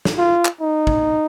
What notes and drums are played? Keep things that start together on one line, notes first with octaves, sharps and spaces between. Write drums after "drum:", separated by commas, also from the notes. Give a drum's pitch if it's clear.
drum: snare
F4
drum: clap
D#4
drum: kick